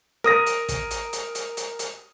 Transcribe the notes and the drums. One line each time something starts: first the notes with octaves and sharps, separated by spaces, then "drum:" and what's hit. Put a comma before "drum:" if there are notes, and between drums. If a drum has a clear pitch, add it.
A#4 D#6 A#6, drum: rim click
drum: hi-hat
drum: kick, hi-hat
drum: hi-hat
drum: hi-hat
drum: hi-hat
drum: hi-hat
drum: hi-hat